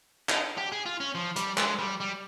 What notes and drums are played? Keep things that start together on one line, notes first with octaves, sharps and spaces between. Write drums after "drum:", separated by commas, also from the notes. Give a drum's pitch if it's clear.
D#4, drum: clap
G4
G#4
F4
C#4
F3
G3, drum: hi-hat
G#3, drum: clap
G3
G3